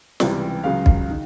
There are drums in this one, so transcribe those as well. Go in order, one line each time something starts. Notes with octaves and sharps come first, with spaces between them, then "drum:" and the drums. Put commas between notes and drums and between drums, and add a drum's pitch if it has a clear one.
C#2 C3 E3 G3 D5, drum: snare
C#2 C#3 F#3 F5
drum: kick
D#3